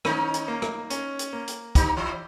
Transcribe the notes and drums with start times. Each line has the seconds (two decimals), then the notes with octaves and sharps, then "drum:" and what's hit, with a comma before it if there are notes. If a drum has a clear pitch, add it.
0.05 D#3 C#4 D#4, drum: rim click
0.34 drum: hi-hat
0.48 A#3
0.62 drum: rim click
0.90 C#4, drum: hi-hat
1.19 drum: hi-hat
1.33 A#3
1.47 drum: hi-hat
1.75 D#3 D#4 G4, drum: kick, hi-hat
1.97 E3 E4